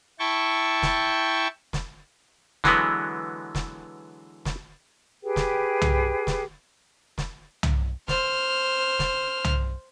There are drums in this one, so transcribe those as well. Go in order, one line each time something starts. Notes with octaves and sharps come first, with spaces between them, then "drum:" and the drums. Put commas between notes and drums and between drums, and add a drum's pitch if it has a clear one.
E4 G5 A5 C#6
drum: snare
drum: snare
D3 E3 F#3 G#3 B3, drum: snare
drum: snare
drum: snare
G4 G#4 B4 G5
drum: snare
drum: tom C2
drum: snare
drum: snare
drum: tom C2
C5 F6, drum: snare
drum: snare
drum: tom C2